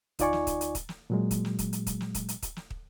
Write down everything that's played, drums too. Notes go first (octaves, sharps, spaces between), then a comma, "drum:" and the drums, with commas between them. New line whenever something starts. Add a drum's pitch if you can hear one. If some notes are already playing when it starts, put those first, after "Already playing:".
D2 D#4 F4 D5 G#5 C#6, drum: kick, hi-hat
drum: snare
drum: kick, hi-hat
drum: hi-hat
drum: kick, hi-hat
drum: snare
A#2 F#3 G#3
drum: kick, hi-hat
drum: snare
drum: kick, hi-hat
drum: hi-hat
drum: kick, hi-hat
drum: snare
drum: kick, hi-hat
drum: hi-hat
drum: kick, hi-hat
drum: snare
drum: kick